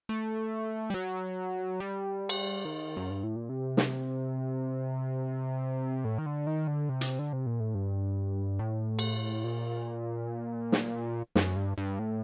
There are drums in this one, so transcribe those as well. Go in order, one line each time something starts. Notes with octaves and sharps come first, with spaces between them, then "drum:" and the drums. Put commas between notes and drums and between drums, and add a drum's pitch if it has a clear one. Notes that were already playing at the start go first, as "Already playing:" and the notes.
A3
G3
F#3
G3
drum: cymbal
D#3
F#2
G2
A2
A#2
C3
drum: snare
A2
D#3
D3
D#3
D3
C3
drum: hi-hat
D3
C3
A#2
A2
G2
A2
drum: cymbal
A#2
drum: snare
F#2, drum: snare
G2
G2
A2